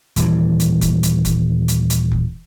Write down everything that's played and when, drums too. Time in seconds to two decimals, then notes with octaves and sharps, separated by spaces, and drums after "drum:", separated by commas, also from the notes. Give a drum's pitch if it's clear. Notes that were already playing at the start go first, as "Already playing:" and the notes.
0.16 D#1 E3 G3, drum: hi-hat
0.60 drum: hi-hat
0.81 drum: kick F1, hi-hat
1.03 drum: hi-hat
1.25 drum: kick F1, hi-hat
1.68 drum: hi-hat
1.90 drum: hi-hat
2.12 drum: kick F1